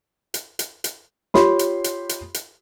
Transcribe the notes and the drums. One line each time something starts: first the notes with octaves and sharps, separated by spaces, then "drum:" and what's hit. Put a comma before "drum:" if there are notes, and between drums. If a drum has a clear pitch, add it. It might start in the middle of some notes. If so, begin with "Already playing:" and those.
drum: hi-hat
drum: hi-hat
drum: hi-hat
F4 G4 C#5 B5 C6, drum: snare
drum: hi-hat
drum: hi-hat
drum: hi-hat
drum: hi-hat